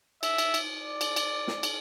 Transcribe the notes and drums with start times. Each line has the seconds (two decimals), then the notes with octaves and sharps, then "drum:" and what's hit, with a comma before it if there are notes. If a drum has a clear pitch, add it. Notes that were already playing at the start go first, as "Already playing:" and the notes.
0.23 E5, drum: cymbal
0.38 drum: cymbal
0.54 drum: cymbal
0.78 D5
1.01 drum: cymbal
1.16 drum: cymbal
1.48 drum: snare
1.63 drum: cymbal